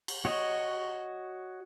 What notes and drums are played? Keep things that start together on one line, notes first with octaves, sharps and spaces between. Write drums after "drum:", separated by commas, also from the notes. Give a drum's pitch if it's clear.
drum: cymbal
F#4 C#5 D#5